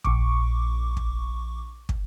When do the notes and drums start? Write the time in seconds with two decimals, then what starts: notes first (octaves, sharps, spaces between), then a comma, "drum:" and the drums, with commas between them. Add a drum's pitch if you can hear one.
0.04 A#1 C#6 D6, drum: kick
0.97 drum: kick
1.89 drum: kick